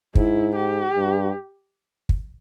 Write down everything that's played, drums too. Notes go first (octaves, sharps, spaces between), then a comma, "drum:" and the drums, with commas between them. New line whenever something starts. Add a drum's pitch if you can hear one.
G#2 E4, drum: kick
G4
G2
drum: kick